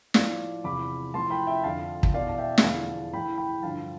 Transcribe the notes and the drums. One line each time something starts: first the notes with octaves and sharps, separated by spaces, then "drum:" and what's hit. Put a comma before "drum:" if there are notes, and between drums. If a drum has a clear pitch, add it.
A2 F3 D5 F5, drum: snare
E2 C3 F3 B5 D6
A2 F3 A5 C6
G5 B5
E5 G5
F2 D3 F3 F5 A5
drum: kick
E2 B2 D5 F5
A5
E5 G5
B5, drum: snare
E2 D3 F3 F5 A5
A2 E3 G5 B5
G5 B5
G2 D3 F3 F5 A5